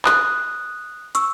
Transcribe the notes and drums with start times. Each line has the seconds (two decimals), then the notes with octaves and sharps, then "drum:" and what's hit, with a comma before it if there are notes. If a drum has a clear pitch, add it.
0.05 D#6 F#6, drum: clap
1.15 C#6 E6, drum: hi-hat